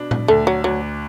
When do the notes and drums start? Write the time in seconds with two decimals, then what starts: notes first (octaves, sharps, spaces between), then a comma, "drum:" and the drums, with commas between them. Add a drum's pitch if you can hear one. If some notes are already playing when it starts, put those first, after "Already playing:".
Already playing: B2 D4
0.11 drum: tom A#2
0.28 D2 A3
0.47 F#3
0.64 D2 F#3